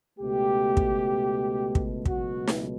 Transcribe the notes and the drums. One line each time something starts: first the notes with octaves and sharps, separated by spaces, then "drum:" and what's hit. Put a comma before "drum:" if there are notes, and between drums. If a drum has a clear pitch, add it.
C#2 B2 A3 G4
drum: kick
drum: kick
C#2 B2 F#3 A3 F#4, drum: kick
drum: snare